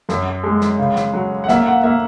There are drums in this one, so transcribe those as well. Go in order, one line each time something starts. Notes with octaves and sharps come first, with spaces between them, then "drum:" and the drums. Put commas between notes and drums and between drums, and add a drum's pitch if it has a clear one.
F#2, drum: snare
G#3
drum: snare
C#3
drum: snare
F#3
F#5
A#3 E5, drum: snare
F#5
A#3 E5